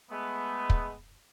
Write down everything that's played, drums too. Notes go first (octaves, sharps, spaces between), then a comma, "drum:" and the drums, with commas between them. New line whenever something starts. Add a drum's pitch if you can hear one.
G#3 A3 B3
drum: kick